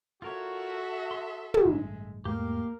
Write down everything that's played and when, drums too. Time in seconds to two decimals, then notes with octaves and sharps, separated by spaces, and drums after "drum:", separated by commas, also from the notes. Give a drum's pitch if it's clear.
0.22 F4 F#4 A4 A#4 C#5 E5
1.11 C6
1.54 drum: tom
1.65 A1 G2 D3 G#3
2.25 E2 G#2 A3 A#3 G4 A#4 F5